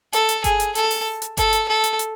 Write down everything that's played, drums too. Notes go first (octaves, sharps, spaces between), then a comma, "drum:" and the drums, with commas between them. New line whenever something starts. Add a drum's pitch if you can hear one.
A4, drum: hi-hat
drum: hi-hat
G#4, drum: kick G1, hi-hat
drum: hi-hat
A4, drum: hi-hat
drum: open hi-hat
drum: hi-hat
A4, drum: kick G1, hi-hat
drum: hi-hat
A4
drum: hi-hat
drum: hi-hat